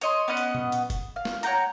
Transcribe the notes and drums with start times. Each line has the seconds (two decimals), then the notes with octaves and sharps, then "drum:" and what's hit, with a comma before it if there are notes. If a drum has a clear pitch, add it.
0.01 C#5 D#5 C6, drum: hi-hat
0.28 B3 C#4 D#5 F#5
0.37 drum: hi-hat
0.55 drum: tom A#2
0.72 drum: hi-hat
0.90 drum: kick F1, hi-hat
1.16 F5
1.25 drum: snare
1.43 C#5 F#5 G5 A#5, drum: hi-hat